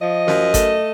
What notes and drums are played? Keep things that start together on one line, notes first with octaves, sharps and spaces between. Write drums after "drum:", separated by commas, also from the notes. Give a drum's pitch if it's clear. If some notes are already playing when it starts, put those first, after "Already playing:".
F3 D#5
F#2, drum: snare
A3, drum: kick G1, hi-hat